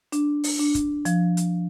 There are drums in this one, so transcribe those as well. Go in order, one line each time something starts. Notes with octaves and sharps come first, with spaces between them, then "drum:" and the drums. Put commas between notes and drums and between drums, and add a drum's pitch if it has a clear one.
D4, drum: hi-hat
drum: open hi-hat
D4
drum: kick, hi-hat
F3, drum: hi-hat
drum: hi-hat